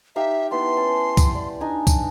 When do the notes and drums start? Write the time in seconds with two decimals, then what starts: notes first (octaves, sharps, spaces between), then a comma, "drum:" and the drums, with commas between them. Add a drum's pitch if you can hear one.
0.16 D#4 G4 E5 F5
0.51 B3 E4 A5 C6
0.77 C#4 A5
1.17 drum: kick C2, tambourine
1.35 D5
1.60 D4 D#4 G#5
1.87 drum: kick C2, tambourine